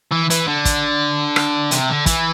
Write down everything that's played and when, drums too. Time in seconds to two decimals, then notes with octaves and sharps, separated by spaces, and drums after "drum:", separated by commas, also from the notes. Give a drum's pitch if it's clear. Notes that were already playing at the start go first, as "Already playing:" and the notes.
0.12 E3
0.30 E3, drum: hi-hat
0.47 D3
0.65 drum: kick, hi-hat
1.36 drum: rim click
1.71 C3, drum: hi-hat
1.89 D3
2.06 E3, drum: kick, hi-hat